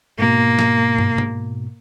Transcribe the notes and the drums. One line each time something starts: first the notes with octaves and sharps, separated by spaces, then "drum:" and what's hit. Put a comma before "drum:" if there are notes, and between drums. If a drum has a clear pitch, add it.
G#2 B2 A#3
drum: snare
drum: tom
drum: tom B2